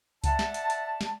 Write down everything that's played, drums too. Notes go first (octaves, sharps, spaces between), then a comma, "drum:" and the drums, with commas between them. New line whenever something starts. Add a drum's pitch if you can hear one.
D5 E5 F#5 A5, drum: kick C#2, hi-hat
drum: snare
drum: hi-hat
drum: hi-hat
drum: snare